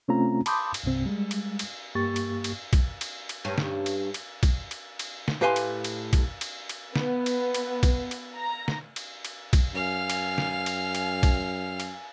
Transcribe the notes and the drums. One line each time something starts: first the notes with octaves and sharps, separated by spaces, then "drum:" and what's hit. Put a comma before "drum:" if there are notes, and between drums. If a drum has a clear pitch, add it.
C3 A3 C4 C#4 F4 A#5
A5 B5 C6 D6 D#6 G6, drum: cymbal
drum: cymbal
C2 G2 C3 C4
G3 G#3
drum: cymbal
drum: cymbal
G2 A#3 G4 C#6 A6
drum: cymbal
drum: cymbal
drum: kick, cymbal
drum: cymbal
drum: cymbal
G2 C#4
drum: snare
drum: cymbal
drum: cymbal
drum: kick, cymbal
drum: cymbal
drum: cymbal
drum: snare
A2 G4 B4 F5 G#5 C6
drum: cymbal
drum: cymbal
drum: kick, cymbal
drum: cymbal
drum: cymbal
B3, drum: snare
drum: cymbal
drum: cymbal
drum: kick, cymbal
drum: cymbal
A#5
drum: snare
drum: cymbal
drum: cymbal
drum: kick, cymbal
F#2 F5 G#5 F6
drum: cymbal
drum: snare
drum: cymbal
drum: cymbal
drum: kick, cymbal
drum: cymbal